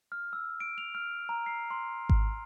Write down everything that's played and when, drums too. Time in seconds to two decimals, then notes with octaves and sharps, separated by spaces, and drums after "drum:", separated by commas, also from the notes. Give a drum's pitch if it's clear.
0.12 F6
0.33 E6
0.60 D7
0.78 F7
0.95 F6
1.29 A#5
1.46 C7
1.71 C6
2.09 drum: kick G#1